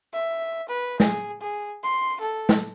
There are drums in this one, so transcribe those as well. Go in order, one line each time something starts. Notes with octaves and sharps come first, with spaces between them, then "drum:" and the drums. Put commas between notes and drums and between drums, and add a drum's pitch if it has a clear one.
E5
B4
G#4, drum: snare
G#4
C6
A4
drum: snare